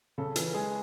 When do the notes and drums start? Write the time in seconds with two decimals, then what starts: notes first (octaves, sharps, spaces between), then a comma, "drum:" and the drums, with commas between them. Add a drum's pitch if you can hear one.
0.18 C#3 A4
0.36 E3, drum: hi-hat
0.54 G#3 G#4